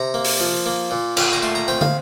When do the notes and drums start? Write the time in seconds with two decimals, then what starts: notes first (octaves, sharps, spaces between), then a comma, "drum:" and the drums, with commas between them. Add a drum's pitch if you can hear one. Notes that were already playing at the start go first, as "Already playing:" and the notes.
Already playing: C3 A#5
0.14 A#3
0.24 drum: open hi-hat
0.40 F3
0.66 A#3
0.91 A#2
1.17 A#2, drum: cymbal
1.33 A#5
1.42 A3 C6
1.55 A#5
1.68 C4 G5
1.81 F5, drum: tom